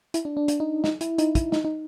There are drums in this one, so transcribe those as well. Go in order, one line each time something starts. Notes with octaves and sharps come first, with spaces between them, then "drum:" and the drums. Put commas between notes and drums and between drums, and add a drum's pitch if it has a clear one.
E4, drum: hi-hat
D4
D4
D4, drum: hi-hat
D#4
D#4, drum: snare
E4, drum: hi-hat
D#4, drum: hi-hat
E4, drum: kick, hi-hat
D#4, drum: snare
D#4